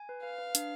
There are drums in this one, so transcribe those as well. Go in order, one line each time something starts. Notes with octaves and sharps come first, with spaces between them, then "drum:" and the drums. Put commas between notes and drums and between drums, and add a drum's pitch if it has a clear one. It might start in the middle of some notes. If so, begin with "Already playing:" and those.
Already playing: G#5
B4
B4 F5
B4
D4, drum: hi-hat